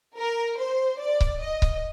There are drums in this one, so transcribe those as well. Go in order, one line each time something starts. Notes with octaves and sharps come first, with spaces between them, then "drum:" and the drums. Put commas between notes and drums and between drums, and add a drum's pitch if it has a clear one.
A#4
C5
D5
drum: kick C#1
D#5
drum: kick C#1